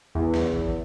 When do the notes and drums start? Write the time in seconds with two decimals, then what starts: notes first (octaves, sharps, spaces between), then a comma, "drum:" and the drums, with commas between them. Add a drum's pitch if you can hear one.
0.15 E2
0.34 drum: snare
0.52 drum: kick G#1